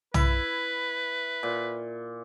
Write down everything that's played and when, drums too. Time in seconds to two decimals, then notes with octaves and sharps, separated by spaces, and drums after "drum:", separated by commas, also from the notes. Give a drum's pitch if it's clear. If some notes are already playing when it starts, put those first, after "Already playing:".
0.14 E4 B4, drum: tom
1.43 A#2